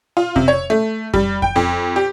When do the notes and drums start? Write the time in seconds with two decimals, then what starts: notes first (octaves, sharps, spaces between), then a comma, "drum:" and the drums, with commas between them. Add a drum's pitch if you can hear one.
0.17 F4
0.36 C3, drum: kick F2
0.48 C#5
0.70 A3
1.14 G3, drum: kick F2
1.42 G5, drum: kick F2
1.56 F2
1.96 G4